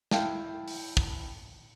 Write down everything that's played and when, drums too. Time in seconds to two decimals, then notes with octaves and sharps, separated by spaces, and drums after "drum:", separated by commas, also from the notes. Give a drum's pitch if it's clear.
0.11 E4 F5 G5 A5, drum: snare
0.68 drum: open hi-hat
0.97 drum: kick